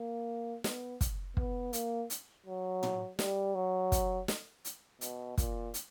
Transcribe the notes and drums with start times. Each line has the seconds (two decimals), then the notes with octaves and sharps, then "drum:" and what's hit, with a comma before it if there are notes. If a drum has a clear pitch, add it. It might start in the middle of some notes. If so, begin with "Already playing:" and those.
Already playing: A#3
0.64 B3, drum: snare
1.01 drum: kick, hi-hat
1.37 B3, drum: kick
1.73 A#3, drum: hi-hat
2.10 drum: hi-hat
2.46 F#3
2.83 drum: tom
3.19 G3, drum: snare
3.55 F#3
3.92 drum: kick, hi-hat
4.28 drum: snare
4.65 drum: hi-hat
5.01 B2, drum: hi-hat
5.38 A#2, drum: kick, hi-hat
5.74 drum: hi-hat